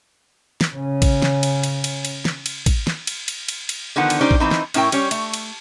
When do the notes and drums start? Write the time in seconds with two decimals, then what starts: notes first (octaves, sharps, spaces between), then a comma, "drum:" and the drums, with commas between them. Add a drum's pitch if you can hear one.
0.61 drum: snare
0.75 C#3 C#4
1.02 drum: kick, cymbal
1.22 drum: snare
1.43 drum: cymbal
1.63 drum: cymbal
1.84 drum: cymbal
2.05 drum: cymbal
2.25 drum: snare
2.46 drum: cymbal
2.66 drum: kick, cymbal
2.87 drum: snare
3.07 drum: cymbal
3.28 drum: cymbal
3.49 drum: cymbal
3.69 drum: cymbal
3.96 D3 D#3 F3 B3 F#5
4.10 drum: cymbal
4.21 G3 C#4 D#4 C5 D5
4.31 drum: kick
4.40 D#3 E3 C4 D#4
4.51 drum: snare
4.74 A2 C#4 E4 A#4 G5, drum: cymbal
4.92 G3 C#4 C#5, drum: cymbal
5.11 A3, drum: cymbal
5.34 drum: cymbal